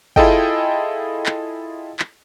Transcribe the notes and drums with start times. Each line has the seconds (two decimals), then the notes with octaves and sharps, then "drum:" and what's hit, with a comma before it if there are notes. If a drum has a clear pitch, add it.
0.16 E4 F4 G#4 A4 D#5 G5, drum: kick
1.26 drum: clap
1.99 drum: clap